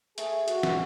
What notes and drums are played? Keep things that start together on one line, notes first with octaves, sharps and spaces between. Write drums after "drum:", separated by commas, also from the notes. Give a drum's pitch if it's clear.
A3 G#4, drum: hi-hat
F#4, drum: hi-hat
drum: snare